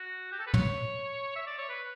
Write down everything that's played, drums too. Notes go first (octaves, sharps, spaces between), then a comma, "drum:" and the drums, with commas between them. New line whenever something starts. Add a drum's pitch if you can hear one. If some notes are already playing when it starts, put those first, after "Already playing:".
Already playing: F#4
G4
A4
B4
C#5, drum: tom
E5
D5
C#5
B4